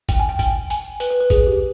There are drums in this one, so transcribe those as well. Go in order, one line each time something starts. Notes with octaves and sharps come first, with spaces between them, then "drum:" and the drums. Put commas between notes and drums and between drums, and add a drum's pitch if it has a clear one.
G5, drum: kick G#1, hi-hat
G#5
G5
G5, drum: kick G#1, hi-hat
G#5, drum: hi-hat
B4, drum: hi-hat
B4
B4
G#4, drum: kick G#1, hi-hat
G4